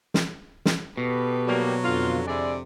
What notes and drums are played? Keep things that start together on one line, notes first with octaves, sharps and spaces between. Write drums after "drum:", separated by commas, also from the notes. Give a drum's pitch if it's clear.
drum: snare
drum: snare
B2 G4 A4 B4
F#3 G3 A#3
F2 D3 F4
C3 G#3 E4 D5